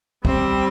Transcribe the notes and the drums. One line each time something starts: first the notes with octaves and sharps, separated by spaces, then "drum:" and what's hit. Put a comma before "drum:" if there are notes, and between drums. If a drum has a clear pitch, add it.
G3 C4, drum: kick